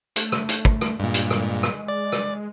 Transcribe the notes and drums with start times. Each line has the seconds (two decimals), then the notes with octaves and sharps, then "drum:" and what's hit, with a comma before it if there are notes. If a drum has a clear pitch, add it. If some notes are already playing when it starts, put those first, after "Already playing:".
0.16 A3, drum: hi-hat
0.32 drum: rim click
0.49 drum: hi-hat
0.65 drum: kick
0.81 drum: rim click
1.00 G2 A#2 G#3
1.14 drum: hi-hat
1.31 drum: rim click
1.63 drum: rim click
1.88 D5
2.12 drum: rim click